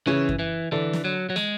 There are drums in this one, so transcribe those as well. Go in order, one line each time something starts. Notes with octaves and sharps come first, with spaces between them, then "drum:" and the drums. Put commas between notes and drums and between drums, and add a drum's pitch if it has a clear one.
C#3 E3 C#4
drum: kick F#2
E3
D3 E3 D4
drum: snare
F#3
F#3
G#3, drum: snare